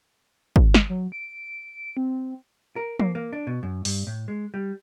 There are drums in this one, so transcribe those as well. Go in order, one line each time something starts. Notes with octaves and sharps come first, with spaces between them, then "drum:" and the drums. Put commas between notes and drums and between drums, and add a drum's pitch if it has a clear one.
drum: kick
drum: snare
F#3
D7
C4
A#4
A#3, drum: tom
A#3
D4
B2
F#2
G2, drum: open hi-hat
A2
G#3
G3